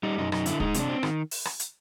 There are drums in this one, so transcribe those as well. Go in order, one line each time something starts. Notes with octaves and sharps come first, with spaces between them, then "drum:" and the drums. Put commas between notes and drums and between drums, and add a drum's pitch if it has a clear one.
G3 D#4
F#2 D#4
F#2 D#4, drum: rim click
D3 E4, drum: hi-hat
G#3 D#4, drum: kick
C3 D4, drum: hi-hat
C4
D#3, drum: rim click
drum: open hi-hat
drum: rim click
drum: hi-hat